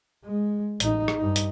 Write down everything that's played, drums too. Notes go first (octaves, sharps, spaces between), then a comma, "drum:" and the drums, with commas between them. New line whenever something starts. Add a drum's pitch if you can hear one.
G#3
A1 D#4, drum: hi-hat
drum: rim click
G2 D#4
drum: hi-hat